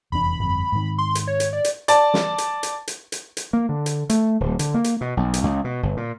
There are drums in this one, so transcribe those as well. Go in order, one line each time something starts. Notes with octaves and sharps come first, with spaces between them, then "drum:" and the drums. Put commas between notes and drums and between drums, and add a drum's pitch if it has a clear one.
F1 E2 D4 B5
G1 F2
G#2 D#3
C6
drum: hi-hat
C#5
drum: hi-hat
D5
drum: hi-hat
D5 A5, drum: hi-hat
drum: snare
drum: hi-hat
drum: hi-hat
drum: hi-hat
drum: hi-hat
drum: hi-hat
A#3
D3
drum: hi-hat
A3, drum: hi-hat
D1
D3, drum: hi-hat
A#3
drum: hi-hat
B2
B1
drum: hi-hat
C#2
B2
G1
A#2